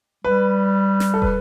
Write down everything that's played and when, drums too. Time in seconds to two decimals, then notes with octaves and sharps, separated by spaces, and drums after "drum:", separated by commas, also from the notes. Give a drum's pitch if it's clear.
0.25 G3 B4
1.00 drum: snare
1.14 A4
1.22 B4, drum: kick